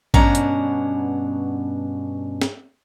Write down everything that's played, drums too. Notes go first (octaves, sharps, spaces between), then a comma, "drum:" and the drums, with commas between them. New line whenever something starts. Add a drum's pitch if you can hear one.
G2 B2 C#4 D4 F#5 A#5, drum: kick A1
drum: hi-hat
drum: snare